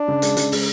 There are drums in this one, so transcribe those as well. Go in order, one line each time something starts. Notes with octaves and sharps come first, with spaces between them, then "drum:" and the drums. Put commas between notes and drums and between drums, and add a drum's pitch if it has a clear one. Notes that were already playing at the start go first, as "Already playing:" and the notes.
Already playing: D4
C#3
G#3, drum: hi-hat
C#3, drum: hi-hat
G#3, drum: open hi-hat